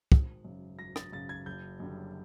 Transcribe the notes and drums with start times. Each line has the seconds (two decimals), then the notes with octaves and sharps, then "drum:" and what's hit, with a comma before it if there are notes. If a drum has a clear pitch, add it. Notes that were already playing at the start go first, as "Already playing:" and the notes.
0.12 G#1, drum: kick
0.45 F#2 C#3
0.79 G#1 A#6
0.96 A6, drum: rim click
1.13 F#2 C#3 A6
1.29 G#6
1.46 F#1 G6
1.80 F#2 D3 G3